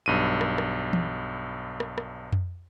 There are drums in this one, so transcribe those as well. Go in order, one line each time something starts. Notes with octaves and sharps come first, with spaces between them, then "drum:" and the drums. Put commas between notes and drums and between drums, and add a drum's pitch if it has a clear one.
B1 G2 D#7
drum: rim click
drum: rim click
drum: tom E3
drum: rim click
drum: rim click
drum: tom F2